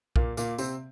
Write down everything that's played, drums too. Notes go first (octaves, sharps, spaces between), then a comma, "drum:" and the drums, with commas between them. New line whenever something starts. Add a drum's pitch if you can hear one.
A#2 A#3, drum: kick B1
A#2 A#3, drum: tambourine
C3 C4, drum: tambourine